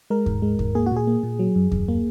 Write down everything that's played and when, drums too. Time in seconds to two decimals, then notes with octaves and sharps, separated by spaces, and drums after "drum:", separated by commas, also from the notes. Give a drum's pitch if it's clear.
0.10 G#3 A#4
0.26 G#2, drum: kick D#2
0.42 G#3
0.59 G#2, drum: kick D#2
0.75 A#3 G#4
0.86 F#4
0.92 A#2 G#4
1.07 A#3
1.23 A#2
1.39 F#3
1.56 F#2
1.71 F#2, drum: kick D#2
1.88 A#3